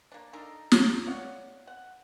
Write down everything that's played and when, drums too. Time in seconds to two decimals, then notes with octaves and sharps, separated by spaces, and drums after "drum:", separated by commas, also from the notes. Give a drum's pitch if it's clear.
0.12 A#3 D4
0.33 D4 D#4 A4 A#4
0.72 drum: snare
1.07 C#5 D5 F5 F#5
1.67 F#5